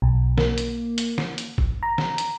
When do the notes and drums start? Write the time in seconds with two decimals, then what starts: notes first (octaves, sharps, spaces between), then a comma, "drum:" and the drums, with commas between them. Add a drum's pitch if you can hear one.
0.02 B1
0.38 A#3, drum: snare
0.58 drum: hi-hat
0.98 drum: hi-hat
1.18 drum: snare
1.38 drum: hi-hat
1.58 drum: kick
1.83 A#5
1.98 drum: snare
2.18 drum: hi-hat